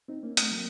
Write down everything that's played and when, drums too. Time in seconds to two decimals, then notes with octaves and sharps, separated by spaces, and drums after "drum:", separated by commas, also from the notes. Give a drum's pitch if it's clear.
0.08 C4 D#4
0.23 A#3 C#4
0.37 A3 C4, drum: hi-hat
0.51 F#3 A#3